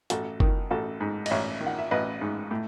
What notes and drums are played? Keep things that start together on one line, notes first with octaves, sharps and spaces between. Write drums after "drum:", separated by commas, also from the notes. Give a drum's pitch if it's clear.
A1 F#4 A4, drum: hi-hat
D#3, drum: kick
A1 F#4 A4
G#2
D#5, drum: cymbal
A1 C#5 E5
D#3
F#5
E5
A1 B4 D#5
G#2
A2